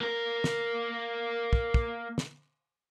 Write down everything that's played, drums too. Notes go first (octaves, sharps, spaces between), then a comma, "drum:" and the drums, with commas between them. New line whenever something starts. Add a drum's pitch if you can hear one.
A#3 A#4
drum: snare
drum: kick
drum: kick
drum: snare